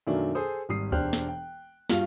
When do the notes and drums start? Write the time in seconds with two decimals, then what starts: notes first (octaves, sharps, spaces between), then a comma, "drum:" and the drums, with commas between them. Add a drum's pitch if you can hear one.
0.07 F#2 B2 D#3 A3 A#3 D4
0.35 G#4 A4 C5 D#6
0.69 G#1 G3 D#6 C7
0.92 E1 D4 G4 C5 F6 F#6, drum: kick D2
1.13 drum: snare
1.28 G5
1.90 G2 G3 F4 F#4 F7, drum: snare